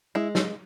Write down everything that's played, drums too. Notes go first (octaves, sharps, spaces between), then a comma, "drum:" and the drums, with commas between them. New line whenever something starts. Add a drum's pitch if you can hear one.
G#3 E4
drum: snare